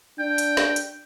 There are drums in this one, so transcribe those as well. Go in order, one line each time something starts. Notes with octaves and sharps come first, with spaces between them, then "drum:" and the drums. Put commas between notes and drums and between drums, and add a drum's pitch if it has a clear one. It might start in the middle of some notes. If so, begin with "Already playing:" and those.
D4 G5
drum: hi-hat
drum: snare
drum: hi-hat